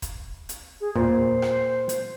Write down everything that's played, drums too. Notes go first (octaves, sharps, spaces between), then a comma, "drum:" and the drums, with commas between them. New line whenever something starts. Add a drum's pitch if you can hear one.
drum: kick, hi-hat
drum: hi-hat
G#4
A#2 C5, drum: tom D#2
drum: rim click
drum: hi-hat